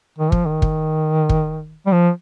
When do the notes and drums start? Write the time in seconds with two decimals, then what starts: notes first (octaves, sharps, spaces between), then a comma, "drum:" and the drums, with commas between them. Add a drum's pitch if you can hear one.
0.18 D#3
0.32 F3, drum: kick
0.46 D#3
0.62 drum: kick
1.29 drum: kick
1.86 G3
1.92 F3